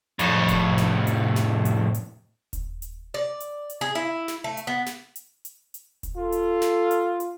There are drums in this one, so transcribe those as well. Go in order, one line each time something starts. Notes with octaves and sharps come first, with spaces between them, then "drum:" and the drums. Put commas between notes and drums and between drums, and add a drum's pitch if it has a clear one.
F2 A2, drum: hi-hat
drum: kick D#1, hi-hat
drum: snare
drum: hi-hat
drum: snare
drum: hi-hat
drum: hi-hat
drum: kick D#1, hi-hat
drum: hi-hat
D5
drum: hi-hat
drum: hi-hat
G#4
E4
drum: snare
A3
drum: hi-hat
B3
drum: snare
drum: hi-hat
drum: hi-hat
drum: hi-hat
drum: kick D#1, hi-hat
F4 A4
drum: hi-hat
drum: snare
drum: hi-hat
drum: hi-hat